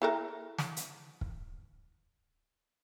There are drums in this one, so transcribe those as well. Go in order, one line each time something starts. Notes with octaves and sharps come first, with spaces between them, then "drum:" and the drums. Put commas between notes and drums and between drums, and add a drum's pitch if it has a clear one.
E4 A4 A#4
drum: snare
drum: hi-hat
drum: kick